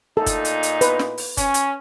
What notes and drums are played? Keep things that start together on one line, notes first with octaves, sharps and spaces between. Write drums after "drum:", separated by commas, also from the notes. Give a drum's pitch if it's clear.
A#2 D#4 A4
drum: kick F#1, hi-hat
drum: hi-hat
drum: hi-hat
B4, drum: hi-hat
drum: snare
drum: open hi-hat
C#4, drum: kick F#1, hi-hat
drum: hi-hat